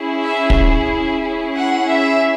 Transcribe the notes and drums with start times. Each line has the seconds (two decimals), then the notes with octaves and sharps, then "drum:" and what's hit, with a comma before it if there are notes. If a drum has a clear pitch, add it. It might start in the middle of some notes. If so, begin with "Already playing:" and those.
Already playing: C#4 E4 G#4
0.20 E5
0.50 drum: kick
1.21 C#4 E4 G#4
1.55 F#5
1.88 E5